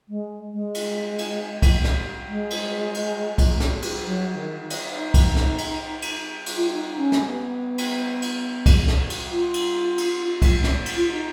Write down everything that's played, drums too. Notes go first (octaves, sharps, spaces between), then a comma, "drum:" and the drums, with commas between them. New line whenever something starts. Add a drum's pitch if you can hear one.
G#3
G#3
drum: cymbal
drum: cymbal
drum: kick C2, cymbal
drum: snare
G#3
drum: cymbal
drum: cymbal
drum: kick C2, cymbal
drum: snare
drum: cymbal
F#3
D#3
drum: cymbal
D#4
drum: kick C2, cymbal
drum: snare
drum: cymbal
drum: cymbal
drum: cymbal
F4
D#4
C#4
drum: snare
B3
drum: cymbal
drum: cymbal
drum: kick C2, cymbal
drum: snare
drum: cymbal
F4
drum: cymbal
drum: cymbal
drum: kick C2, cymbal
drum: snare
drum: cymbal
F4
D#4